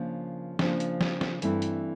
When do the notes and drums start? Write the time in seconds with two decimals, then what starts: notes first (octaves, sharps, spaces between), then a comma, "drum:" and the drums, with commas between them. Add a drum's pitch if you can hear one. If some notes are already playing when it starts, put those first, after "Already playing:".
Already playing: C#3 F3 A#3 D4
0.59 C#3 F3 A#3 D4, drum: snare
0.80 drum: hi-hat
1.01 drum: snare
1.21 drum: snare
1.42 G2 E3 A3 C4 E4, drum: hi-hat
1.62 drum: hi-hat